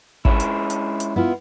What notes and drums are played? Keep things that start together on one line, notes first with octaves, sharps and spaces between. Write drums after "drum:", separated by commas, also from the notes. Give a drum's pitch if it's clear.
G#3 C#4 E4 E5 F5 A5, drum: kick
drum: hi-hat
drum: hi-hat
drum: hi-hat
B3 E4 F4